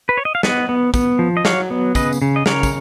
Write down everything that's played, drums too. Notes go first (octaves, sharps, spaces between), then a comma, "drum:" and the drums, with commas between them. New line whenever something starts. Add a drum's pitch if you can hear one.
B4
C#5
D#5
F5
B3 D#5 F#5, drum: snare
B3
B3, drum: kick, tambourine
F3
D#5
F#3 C#5 F5, drum: snare
B3
C#3 B4 D#5, drum: kick, tambourine
drum: tambourine
C#3
D#5
C#3 A#4 C#5, drum: snare
drum: kick, tambourine